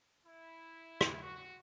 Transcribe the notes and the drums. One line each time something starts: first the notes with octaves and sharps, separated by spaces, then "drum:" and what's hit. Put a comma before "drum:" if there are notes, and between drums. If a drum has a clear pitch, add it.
E4
drum: rim click
F#4